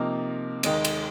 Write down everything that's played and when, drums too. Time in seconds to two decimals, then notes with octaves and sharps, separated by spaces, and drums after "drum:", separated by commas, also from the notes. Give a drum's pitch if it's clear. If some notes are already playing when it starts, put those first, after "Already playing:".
Already playing: C3 F3 A#3 D#4 A#4
0.63 D#2 D#3 G#3 D#4, drum: cymbal
0.85 drum: cymbal